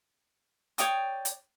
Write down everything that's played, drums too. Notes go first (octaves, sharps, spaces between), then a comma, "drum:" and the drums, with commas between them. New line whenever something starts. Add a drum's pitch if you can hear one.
C#5 D5 G5 D#6, drum: hi-hat
drum: hi-hat